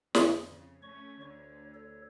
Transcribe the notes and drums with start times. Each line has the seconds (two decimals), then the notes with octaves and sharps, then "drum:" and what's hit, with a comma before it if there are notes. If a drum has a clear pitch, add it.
0.15 F2 D3, drum: snare
0.52 C#3
0.82 A3 C#4 C#5 C#6
1.21 D2 D3 C#5
1.74 A4 C#5